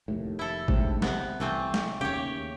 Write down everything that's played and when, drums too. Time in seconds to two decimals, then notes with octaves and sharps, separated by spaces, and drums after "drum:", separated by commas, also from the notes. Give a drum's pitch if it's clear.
0.08 F1 D#2 A2
0.39 E4 A4
0.68 D2 G#2 C3, drum: kick G#1
1.02 C3 B3, drum: snare
1.40 C2 E3 A3 C4
1.74 drum: snare
2.01 D#2 C#3 G4 C#5